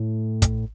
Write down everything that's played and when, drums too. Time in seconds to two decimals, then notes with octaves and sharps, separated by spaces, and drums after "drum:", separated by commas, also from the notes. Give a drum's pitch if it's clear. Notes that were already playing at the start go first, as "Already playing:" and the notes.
Already playing: A2
0.42 drum: kick, hi-hat